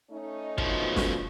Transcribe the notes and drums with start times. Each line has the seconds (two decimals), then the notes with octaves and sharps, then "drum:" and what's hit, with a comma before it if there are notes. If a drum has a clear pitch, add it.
0.11 A3 C#4 D#4
0.58 B2 F3, drum: kick
0.96 drum: snare